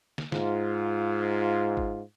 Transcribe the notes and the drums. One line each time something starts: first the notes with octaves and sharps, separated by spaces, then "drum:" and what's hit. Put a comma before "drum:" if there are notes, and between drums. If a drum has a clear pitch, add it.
drum: snare
G#2 F4, drum: snare
drum: kick